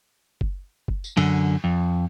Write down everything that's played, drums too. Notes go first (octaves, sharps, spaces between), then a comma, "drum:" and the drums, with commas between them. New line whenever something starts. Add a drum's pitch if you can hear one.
drum: kick F#1
drum: kick F#1
drum: tambourine
F#2 D3, drum: cymbal
F2